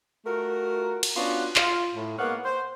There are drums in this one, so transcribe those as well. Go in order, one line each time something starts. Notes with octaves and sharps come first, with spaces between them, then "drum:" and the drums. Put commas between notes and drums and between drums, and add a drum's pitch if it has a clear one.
A3 F4 F#4 A#4
drum: cymbal
B3 C#4 D4 F4 F#4
F4, drum: clap
A2
G#2 A#3 B3 C#5 F5 F#5
C5